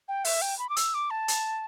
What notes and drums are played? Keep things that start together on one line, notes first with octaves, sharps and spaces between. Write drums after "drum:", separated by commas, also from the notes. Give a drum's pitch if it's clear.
G5
E5, drum: open hi-hat
G5
B5
D6
E6, drum: hi-hat
D6
A5
drum: hi-hat